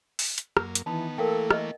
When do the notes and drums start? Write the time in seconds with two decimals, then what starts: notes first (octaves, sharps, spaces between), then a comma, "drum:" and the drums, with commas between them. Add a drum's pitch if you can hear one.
0.19 drum: open hi-hat
0.38 drum: hi-hat
0.57 F#2 A#3, drum: rim click
0.75 drum: hi-hat
0.86 D#3 E3 B3 A5 B5
1.18 E3 A3 A#3 A4 A#4 F5 G5
1.51 D#5 E5, drum: rim click